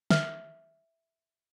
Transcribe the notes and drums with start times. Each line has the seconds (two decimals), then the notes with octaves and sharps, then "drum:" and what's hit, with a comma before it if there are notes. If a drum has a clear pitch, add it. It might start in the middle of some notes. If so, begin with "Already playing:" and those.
0.10 E5 F6, drum: snare